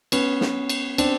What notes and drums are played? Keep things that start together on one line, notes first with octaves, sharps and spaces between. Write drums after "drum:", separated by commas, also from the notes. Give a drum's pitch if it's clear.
B3 C#4, drum: cymbal
drum: snare
drum: cymbal
C4 D4, drum: cymbal